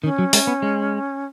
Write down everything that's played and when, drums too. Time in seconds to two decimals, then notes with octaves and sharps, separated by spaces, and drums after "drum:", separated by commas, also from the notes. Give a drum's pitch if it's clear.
0.03 D#3 C#4
0.19 F#3
0.33 G#3, drum: open hi-hat
0.47 B3
0.62 G#3